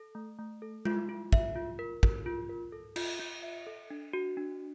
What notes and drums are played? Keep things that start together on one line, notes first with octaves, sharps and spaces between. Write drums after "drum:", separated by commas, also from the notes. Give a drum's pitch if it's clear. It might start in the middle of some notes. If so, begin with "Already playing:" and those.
Already playing: A4
A3
A3
A4
F4, drum: tom G#3
F4
E5, drum: kick
F4
A#4
A#4, drum: kick
F4
A#4
A4
F4, drum: cymbal
F4
E5
A4
D4
F#4
D4